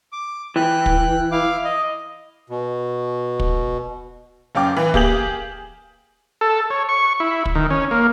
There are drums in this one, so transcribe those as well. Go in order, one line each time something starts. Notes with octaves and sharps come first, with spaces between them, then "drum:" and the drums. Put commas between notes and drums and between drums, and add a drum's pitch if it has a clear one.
D6
E3 G5 F#6
drum: kick
E4 F5 D6
D#5
B2
drum: kick
F#1 F#2 F5 G5 D6
E3
A#3 G4 G#4 G6 F#7, drum: kick
A4
C#5
C#6
E4
drum: kick
D#3
C#4
A#3